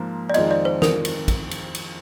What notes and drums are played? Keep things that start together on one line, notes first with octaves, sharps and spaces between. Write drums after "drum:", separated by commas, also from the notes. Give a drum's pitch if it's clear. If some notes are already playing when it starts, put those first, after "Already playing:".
Already playing: G#2 F3 A#3
D5
F2 D#3 G#3 C4 F4 D#5, drum: cymbal
D5
C5
A#4, drum: snare
drum: cymbal
drum: kick, cymbal
drum: cymbal
drum: cymbal